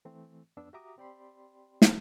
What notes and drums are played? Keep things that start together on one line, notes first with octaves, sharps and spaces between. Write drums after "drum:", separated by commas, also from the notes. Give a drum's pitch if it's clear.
E3 A3 C4
F2 B3 D4 E6
F#4 G4 E5 A#5 D6 D#6
C4 G4 D5 G5 B5 C6
drum: snare